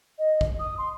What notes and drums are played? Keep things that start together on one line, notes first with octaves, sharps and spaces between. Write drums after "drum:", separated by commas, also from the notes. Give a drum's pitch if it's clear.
D#5
drum: kick
D#6
C6